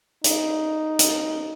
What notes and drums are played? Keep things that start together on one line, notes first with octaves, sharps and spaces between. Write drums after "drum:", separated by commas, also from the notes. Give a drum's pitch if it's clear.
D#4, drum: hi-hat
drum: hi-hat